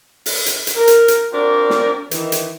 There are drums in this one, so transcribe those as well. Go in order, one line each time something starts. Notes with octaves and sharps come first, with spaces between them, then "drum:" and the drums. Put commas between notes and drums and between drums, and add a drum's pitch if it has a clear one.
drum: open hi-hat
drum: hi-hat
drum: hi-hat
A#4
drum: hi-hat
drum: hi-hat
C4 D4 F4 F#4 A#4 D5
drum: snare
D#3 E3, drum: hi-hat
drum: hi-hat